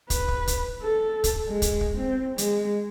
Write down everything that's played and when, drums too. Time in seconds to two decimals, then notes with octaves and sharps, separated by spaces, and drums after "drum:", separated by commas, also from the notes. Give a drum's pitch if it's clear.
0.10 B4, drum: kick, hi-hat
0.28 drum: kick
0.47 drum: kick, hi-hat
0.82 A4
1.24 drum: kick, hi-hat
1.48 G#3
1.62 drum: kick, hi-hat
1.81 drum: kick
1.97 C4
2.38 G#3, drum: hi-hat